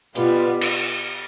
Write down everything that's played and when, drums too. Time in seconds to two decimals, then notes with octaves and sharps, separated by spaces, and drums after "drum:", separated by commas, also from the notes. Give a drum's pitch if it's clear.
0.15 B2 G3 B3 F4, drum: hi-hat
0.61 drum: cymbal